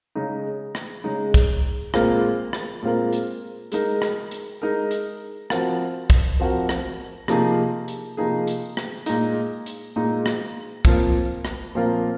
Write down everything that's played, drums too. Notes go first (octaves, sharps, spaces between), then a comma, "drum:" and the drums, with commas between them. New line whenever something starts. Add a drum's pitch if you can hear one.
C#3 G#3 D#4
drum: rim click
C#3 G#3 D#4
drum: kick, hi-hat
A#2 G#3 C4 F4 A#4, drum: rim click
drum: rim click
A#2 G#3 C4 F4 A#4
drum: hi-hat
G#3 D#4 A#4, drum: hi-hat
drum: rim click
drum: hi-hat
G#3 D#4 A#4
drum: hi-hat
F3 C4 F#4 A#4, drum: rim click
drum: kick, hi-hat
F3 C4 F#4 A#4
drum: rim click
C3 F3 A#3 D#4 G#4, drum: rim click
drum: hi-hat
C3 F3 A#3 D#4 G#4
drum: hi-hat
drum: rim click
A#2 G#3 D#4, drum: hi-hat
drum: hi-hat
A#2 G#3 D#4
drum: rim click
A#2 F3 C4 F4 A#4, drum: kick, hi-hat
drum: rim click
A#2 F3 C4 F4 A#4